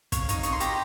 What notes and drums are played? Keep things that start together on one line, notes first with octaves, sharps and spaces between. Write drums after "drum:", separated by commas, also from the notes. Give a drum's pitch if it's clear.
C#5 F5, drum: kick, hi-hat
D#4, drum: hi-hat
D#4 C#6, drum: hi-hat
C6
G4 G5 A#5, drum: hi-hat